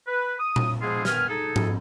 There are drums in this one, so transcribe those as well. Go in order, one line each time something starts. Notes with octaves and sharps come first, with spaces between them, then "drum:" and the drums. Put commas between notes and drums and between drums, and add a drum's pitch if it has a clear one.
B4
D#6
drum: tom A#2
F3 G#3 B3 E4 F4 G#4
D#3 B3 B4 G#5 F6, drum: snare
D#4 G#4 A4
drum: tom G#2